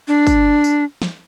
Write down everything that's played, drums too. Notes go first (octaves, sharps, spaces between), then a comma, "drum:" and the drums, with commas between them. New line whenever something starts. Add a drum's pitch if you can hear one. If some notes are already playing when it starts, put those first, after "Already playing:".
D4
drum: kick, tambourine
drum: tambourine
drum: snare